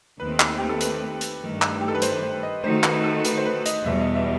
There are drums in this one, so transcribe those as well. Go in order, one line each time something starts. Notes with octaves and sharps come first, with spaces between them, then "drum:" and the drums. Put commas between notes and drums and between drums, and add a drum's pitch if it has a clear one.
D#2 D#3 A3 C4 B4
drum: clap
G4
A4
B4, drum: hi-hat
drum: hi-hat
G2 D#3 A3
drum: clap
G4
A4
B4
C5, drum: hi-hat
C5
D#5
D#3 A3 D#4 F#4 C5
B4, drum: clap
A4
B4, drum: hi-hat
C5
B4
D#5, drum: hi-hat
E2 B2 G3 E5
D#5
E5